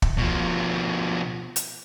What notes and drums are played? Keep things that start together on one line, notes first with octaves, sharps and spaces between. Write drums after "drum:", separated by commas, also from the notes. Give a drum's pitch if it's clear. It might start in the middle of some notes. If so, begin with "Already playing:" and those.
drum: kick
B2 F3
drum: hi-hat